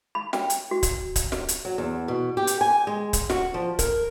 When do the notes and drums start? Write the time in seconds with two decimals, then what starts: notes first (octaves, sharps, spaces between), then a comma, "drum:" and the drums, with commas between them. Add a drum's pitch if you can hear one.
0.15 B5
0.33 G5, drum: snare
0.50 drum: hi-hat
0.71 F#4
0.83 drum: kick C#1, hi-hat
1.16 drum: kick C#1, hi-hat
1.32 drum: snare
1.48 drum: hi-hat
1.65 F#3
1.78 E2
2.08 B2
2.37 G4
2.47 drum: hi-hat
2.61 G#5
2.87 G#3
3.13 drum: kick C#1, hi-hat
3.30 F#4, drum: snare
3.54 F3
3.79 A#4, drum: kick C#1, hi-hat